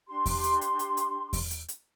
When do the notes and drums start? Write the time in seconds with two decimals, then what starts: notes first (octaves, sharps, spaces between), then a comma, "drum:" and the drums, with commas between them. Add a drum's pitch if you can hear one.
0.08 D4 G4 C6
0.26 drum: kick E2, open hi-hat
0.43 drum: hi-hat
0.61 drum: hi-hat
0.79 drum: hi-hat
0.97 drum: hi-hat
1.33 drum: kick E2, open hi-hat
1.51 drum: hi-hat
1.68 drum: hi-hat